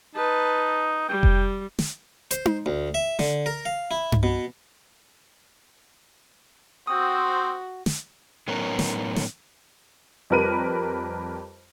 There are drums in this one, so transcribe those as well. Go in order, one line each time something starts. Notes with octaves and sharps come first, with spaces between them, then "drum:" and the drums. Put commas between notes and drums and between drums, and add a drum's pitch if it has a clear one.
D#4 B4 A5
G3 G5
drum: kick F1
drum: snare
C5, drum: hi-hat
drum: tom D#4
D2
E5
D3, drum: snare
A#4
F5
E4
drum: tom G2
B2
C4 F#4 D#6
drum: snare
A2 F#3 B3 C#4 D#4 A#4
drum: snare
drum: snare
F2 G3 A#4 B4 D#7